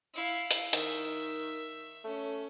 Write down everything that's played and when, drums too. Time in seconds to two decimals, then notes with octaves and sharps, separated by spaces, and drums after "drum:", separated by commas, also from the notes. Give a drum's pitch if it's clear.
0.14 E4 F5
0.51 drum: hi-hat
0.73 D#3 E5, drum: hi-hat
2.04 A3 C#4